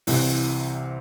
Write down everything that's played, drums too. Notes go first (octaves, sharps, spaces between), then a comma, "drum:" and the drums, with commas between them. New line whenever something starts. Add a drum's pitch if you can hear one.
C2 C3 E3, drum: open hi-hat